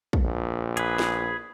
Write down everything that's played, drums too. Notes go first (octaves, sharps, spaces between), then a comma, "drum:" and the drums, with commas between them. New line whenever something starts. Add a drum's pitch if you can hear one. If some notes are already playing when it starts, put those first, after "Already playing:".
drum: kick
A#1
G#4 B4, drum: hi-hat
drum: snare